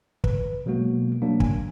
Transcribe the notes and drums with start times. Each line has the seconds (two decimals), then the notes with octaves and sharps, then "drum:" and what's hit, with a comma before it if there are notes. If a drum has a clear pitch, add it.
0.24 B4, drum: kick
0.66 B2 F#3 G#3 A#3 F#4
1.22 F#3 G3 A#3 D4
1.40 G#5, drum: kick